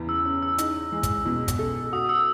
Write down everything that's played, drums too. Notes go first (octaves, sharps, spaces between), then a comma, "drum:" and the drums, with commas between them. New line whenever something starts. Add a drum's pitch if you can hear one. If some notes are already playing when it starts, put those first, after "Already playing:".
Already playing: E2 C#3
E6
C#4
E6
D#4, drum: hi-hat
G#3
drum: kick, hi-hat
B2
drum: kick, hi-hat
A4
F#4 D#6
E6